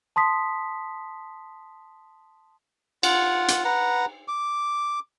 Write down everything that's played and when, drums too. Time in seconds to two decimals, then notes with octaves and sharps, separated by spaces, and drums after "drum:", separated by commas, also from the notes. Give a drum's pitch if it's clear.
0.16 A5 C6 D#6 B6
3.03 F4 F#5, drum: cymbal
3.48 drum: hi-hat
3.65 B4 F#5 A#5
4.28 D6